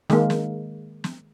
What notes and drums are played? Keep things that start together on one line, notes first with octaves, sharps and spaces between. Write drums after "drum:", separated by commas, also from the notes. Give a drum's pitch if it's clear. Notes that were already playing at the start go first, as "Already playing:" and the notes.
D#3 G#3 A#3, drum: snare
drum: snare
drum: snare